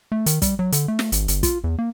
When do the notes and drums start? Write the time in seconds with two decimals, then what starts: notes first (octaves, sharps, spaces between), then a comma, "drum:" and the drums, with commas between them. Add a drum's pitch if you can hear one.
0.12 A3
0.26 D#3, drum: hi-hat
0.42 G3, drum: kick, hi-hat
0.59 F#3
0.72 D3, drum: hi-hat
0.88 A3
0.99 drum: snare
1.12 G#1, drum: hi-hat
1.28 G1, drum: hi-hat
1.43 F4, drum: kick, hi-hat
1.64 E2
1.79 A#3